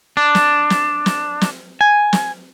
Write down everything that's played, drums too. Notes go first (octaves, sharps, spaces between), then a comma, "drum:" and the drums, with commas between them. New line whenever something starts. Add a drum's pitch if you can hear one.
D4
drum: snare
drum: snare
drum: snare
drum: snare
G#5
drum: snare